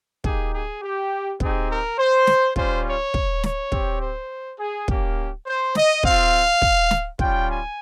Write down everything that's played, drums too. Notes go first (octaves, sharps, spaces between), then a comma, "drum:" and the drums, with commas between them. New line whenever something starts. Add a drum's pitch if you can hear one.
A#3 D#4 G4 G#4, drum: kick
G#4
G4
C4 D#4 G4 G#4, drum: kick
A#4
C5
drum: snare
G3 C#4 F4 C5, drum: kick
C#5
drum: kick
C#5, drum: snare
C4 G4, drum: kick
C5
G#4
A#3 C#4 G4, drum: kick
C5
D#5, drum: snare
C4 F4 F5, drum: kick
drum: kick
drum: snare
G3 C#4 F4 G5, drum: kick
G#5